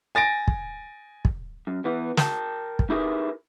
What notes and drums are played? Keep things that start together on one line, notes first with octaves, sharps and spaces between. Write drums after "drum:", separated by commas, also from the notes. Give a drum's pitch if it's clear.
G#5 A6 A#6 D7
drum: kick
drum: kick
F#2
E3 B3
A#4 G5 A5, drum: snare
drum: kick
D#4 E4 G4 G#4 A#4 B4